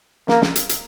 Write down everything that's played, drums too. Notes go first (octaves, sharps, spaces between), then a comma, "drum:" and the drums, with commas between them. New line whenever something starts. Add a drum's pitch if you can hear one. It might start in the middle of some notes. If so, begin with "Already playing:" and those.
A#3, drum: snare
drum: snare
drum: hi-hat
drum: hi-hat